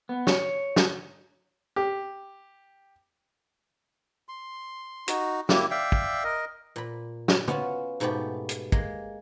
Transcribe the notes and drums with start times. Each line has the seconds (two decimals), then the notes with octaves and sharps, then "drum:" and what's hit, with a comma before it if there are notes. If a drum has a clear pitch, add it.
0.09 B3
0.27 C#5, drum: snare
0.76 drum: snare
1.76 G4
4.29 C6
5.08 D#4 F#4, drum: hi-hat
5.49 A#3 E4 G4, drum: snare
5.71 D5 E5 F5 G5
5.92 drum: kick
6.24 A#4 D#5
6.76 A#2 B5
7.28 drum: snare
7.48 B3 C#4 F4 F#4, drum: tom
8.00 G#2 B2 A3 B3 G4
8.49 drum: hi-hat
8.72 G#3 A#3, drum: kick